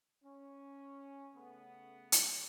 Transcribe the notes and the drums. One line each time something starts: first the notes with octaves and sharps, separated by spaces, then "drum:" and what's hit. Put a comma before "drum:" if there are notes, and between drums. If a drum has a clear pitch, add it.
C#4
C#3 A3 B3
drum: hi-hat